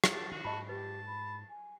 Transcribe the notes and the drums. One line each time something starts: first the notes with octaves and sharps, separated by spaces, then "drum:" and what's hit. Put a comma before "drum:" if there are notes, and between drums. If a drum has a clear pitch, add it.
drum: rim click
A5
D#3 F#4
G#2 D#5 A5 B5
G4 B4 A5
B5
G#5